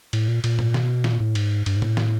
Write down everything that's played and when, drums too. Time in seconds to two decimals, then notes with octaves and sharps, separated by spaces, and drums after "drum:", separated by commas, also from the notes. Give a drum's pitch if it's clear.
0.13 A2, drum: cymbal
0.28 A#2
0.44 A#2, drum: cymbal
0.59 drum: tom G#2
0.74 B2, drum: snare
1.04 A#2, drum: snare
1.20 A2
1.35 G#2, drum: cymbal
1.66 G2, drum: cymbal
1.76 G#2
1.82 A2, drum: tom
1.97 drum: snare